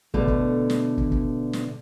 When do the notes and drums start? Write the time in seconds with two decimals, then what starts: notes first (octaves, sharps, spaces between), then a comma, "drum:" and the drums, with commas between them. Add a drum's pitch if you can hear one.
0.14 B2 D3 A3, drum: kick
0.28 drum: kick
0.70 drum: snare
0.97 drum: kick
1.11 drum: kick
1.53 drum: snare